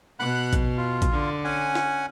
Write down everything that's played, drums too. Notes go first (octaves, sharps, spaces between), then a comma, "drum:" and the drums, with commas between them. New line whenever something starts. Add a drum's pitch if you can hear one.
B2 F#5 B5 F#6
drum: kick A#1, hi-hat
F4
drum: kick A#1, hi-hat
D3
C#4 F#5 G#5
drum: snare